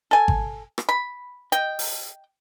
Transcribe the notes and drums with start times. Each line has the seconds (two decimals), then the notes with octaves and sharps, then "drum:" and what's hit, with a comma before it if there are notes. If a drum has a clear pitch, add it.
0.11 A4 G#5
0.28 drum: kick G#1
0.78 drum: rim click
0.89 B5
1.52 D#5 G5, drum: hi-hat
1.79 drum: open hi-hat